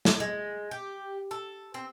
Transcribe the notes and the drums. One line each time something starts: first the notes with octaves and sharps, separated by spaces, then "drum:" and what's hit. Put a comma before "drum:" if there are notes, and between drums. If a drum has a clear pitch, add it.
drum: snare
G#3
G4
A4
C4